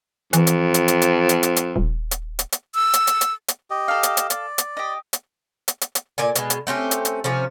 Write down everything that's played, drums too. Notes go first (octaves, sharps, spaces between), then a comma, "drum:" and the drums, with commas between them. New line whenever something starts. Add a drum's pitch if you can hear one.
F2 E3, drum: hi-hat
drum: hi-hat
drum: hi-hat
drum: hi-hat
drum: hi-hat
drum: hi-hat
drum: hi-hat
drum: hi-hat
D#1
drum: hi-hat
drum: hi-hat
drum: hi-hat
E6
drum: hi-hat
drum: hi-hat
drum: hi-hat
drum: hi-hat
G4 D#5
A4 F5
drum: hi-hat
drum: hi-hat
D5, drum: hi-hat
drum: hi-hat
G4 D#5
drum: hi-hat
drum: hi-hat
drum: hi-hat
drum: hi-hat
A#2 A#3 D5 G#5
B2 G#3, drum: hi-hat
drum: hi-hat
A3 C4 C#4 G4
drum: hi-hat
drum: hi-hat
C3 F3 C#4